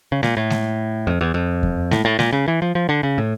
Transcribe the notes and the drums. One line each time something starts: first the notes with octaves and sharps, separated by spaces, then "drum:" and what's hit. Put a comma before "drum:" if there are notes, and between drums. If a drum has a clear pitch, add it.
C#3
A#2, drum: snare G#3
A2
drum: snare G#3
F2
E2
F2
drum: kick E2
A2, drum: snare G#3
A2
A#2, drum: snare G#3
C#3
E3
F3
F3
D3
C#3
A2